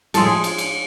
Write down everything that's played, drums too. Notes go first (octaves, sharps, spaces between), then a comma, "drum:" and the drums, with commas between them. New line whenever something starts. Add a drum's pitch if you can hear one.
A2 F3 G#3 A4, drum: cymbal
G#4
drum: cymbal
drum: cymbal